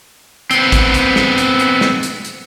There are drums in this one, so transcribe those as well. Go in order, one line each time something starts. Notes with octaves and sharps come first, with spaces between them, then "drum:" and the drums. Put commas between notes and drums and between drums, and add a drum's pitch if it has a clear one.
B3 C4, drum: hi-hat
drum: kick, hi-hat
drum: hi-hat
drum: snare
drum: hi-hat
drum: hi-hat
drum: snare
drum: hi-hat
drum: hi-hat